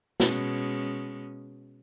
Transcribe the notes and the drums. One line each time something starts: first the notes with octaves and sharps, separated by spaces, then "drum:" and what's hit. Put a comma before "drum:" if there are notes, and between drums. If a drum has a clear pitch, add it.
B2 G#3 C#4, drum: snare